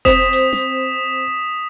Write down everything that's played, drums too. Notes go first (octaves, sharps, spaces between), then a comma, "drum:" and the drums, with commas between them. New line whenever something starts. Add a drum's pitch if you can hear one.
C4 D#6 B6 E7, drum: kick E1
drum: hi-hat
drum: snare